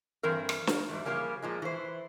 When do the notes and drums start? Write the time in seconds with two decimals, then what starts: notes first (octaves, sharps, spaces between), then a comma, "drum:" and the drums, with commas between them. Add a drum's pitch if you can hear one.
0.23 G2 E3 C4 A#4
0.49 drum: rim click
0.67 A#3, drum: snare
0.89 E2 G#2 G3
1.05 C#3 F3 G3 A#3 C#4
1.42 A#2 F3 G#3
1.62 E3 C5